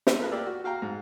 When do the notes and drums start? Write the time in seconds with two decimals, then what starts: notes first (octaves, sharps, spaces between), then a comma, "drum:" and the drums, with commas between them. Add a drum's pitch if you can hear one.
0.07 drum: snare
0.19 A3 A#3 F4 G#4 B4
0.31 A#3 G4 D5 E6
0.47 F#4
0.64 F#4 F5 G5 A#5
0.82 G#2